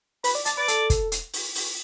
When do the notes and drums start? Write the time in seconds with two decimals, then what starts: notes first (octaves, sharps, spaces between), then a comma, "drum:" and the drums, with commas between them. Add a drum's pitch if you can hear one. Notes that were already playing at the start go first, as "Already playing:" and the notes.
0.24 B4 B5, drum: open hi-hat
0.35 D5
0.46 D5 A5, drum: hi-hat
0.57 B4 D5
0.68 A4, drum: hi-hat
0.90 drum: kick, hi-hat
1.12 drum: hi-hat
1.34 drum: open hi-hat
1.55 drum: open hi-hat